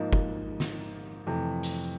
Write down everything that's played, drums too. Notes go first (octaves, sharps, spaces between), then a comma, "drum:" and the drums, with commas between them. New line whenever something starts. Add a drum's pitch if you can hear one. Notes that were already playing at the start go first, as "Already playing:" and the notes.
Already playing: G#2 F3 A#3 D#4
drum: kick
drum: snare
F2 C3 E3 A3
drum: hi-hat